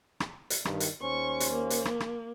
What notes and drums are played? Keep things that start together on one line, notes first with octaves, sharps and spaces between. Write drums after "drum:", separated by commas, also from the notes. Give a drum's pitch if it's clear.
drum: rim click
drum: hi-hat
G2 D#3, drum: rim click
drum: hi-hat
D#2 C#4 C5 C#6
drum: hi-hat
A#3
drum: hi-hat
drum: rim click
drum: rim click